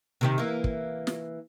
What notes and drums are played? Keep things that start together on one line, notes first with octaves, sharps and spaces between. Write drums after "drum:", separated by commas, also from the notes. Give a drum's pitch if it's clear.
C3 D#3 G4
E3 A#3
drum: kick
drum: snare